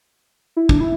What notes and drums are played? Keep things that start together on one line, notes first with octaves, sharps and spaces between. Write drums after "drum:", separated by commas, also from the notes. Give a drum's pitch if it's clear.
E4
D4, drum: kick
E4